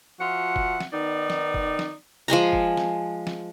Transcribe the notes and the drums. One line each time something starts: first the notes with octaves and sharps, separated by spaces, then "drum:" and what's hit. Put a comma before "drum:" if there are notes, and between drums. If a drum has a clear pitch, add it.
F3 F4 F#4 E5 F#5
drum: kick
drum: snare
D#3 B3 D#4 D5
drum: snare
drum: kick
drum: snare
F3 G#3 G#5 A#5
drum: kick
drum: snare
drum: snare